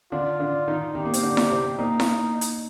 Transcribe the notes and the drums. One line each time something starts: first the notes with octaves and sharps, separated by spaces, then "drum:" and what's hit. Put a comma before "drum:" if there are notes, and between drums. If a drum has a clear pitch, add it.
D3 D4 F4
D3 D4
D#3 D#4
D#3 D#4 G4
A#3
C4, drum: hi-hat
D3 D4
drum: snare E4
C3 C4
A#2 A#3 D#4
drum: snare E4
drum: hi-hat